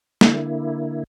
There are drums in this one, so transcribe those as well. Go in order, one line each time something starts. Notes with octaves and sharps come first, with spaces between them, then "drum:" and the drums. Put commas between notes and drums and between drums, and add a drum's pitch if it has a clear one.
D3 A#3 E4, drum: snare